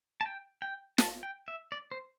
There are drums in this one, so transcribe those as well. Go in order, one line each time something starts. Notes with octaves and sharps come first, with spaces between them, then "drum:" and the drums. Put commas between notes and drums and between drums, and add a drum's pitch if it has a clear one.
A5
G5
G5
A5, drum: snare
G5
E5
D5
C5